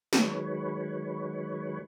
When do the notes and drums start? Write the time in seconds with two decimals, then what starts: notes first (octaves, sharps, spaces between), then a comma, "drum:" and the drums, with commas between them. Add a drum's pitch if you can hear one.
0.13 D#3 F#3 G#3 B4 C#5, drum: snare